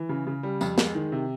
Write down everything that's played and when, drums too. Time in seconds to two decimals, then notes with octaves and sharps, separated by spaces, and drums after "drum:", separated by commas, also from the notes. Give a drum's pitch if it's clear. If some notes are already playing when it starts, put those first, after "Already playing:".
Already playing: E3
0.09 C#3
0.27 C#3
0.43 G3
0.61 F2, drum: tambourine
0.78 G#3, drum: snare
0.95 D#3
1.12 C3